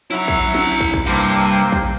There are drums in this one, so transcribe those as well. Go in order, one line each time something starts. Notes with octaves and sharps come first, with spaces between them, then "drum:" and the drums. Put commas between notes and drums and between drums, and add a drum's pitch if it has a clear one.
F#3 E4 E5 A#5
drum: kick
drum: snare
drum: kick
drum: kick
G2 C3 A#3 C5
drum: kick